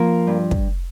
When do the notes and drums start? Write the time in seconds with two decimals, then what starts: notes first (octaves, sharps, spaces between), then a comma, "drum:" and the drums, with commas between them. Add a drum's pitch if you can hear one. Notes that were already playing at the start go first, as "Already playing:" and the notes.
Already playing: F3 A#3
0.27 G2
0.51 drum: kick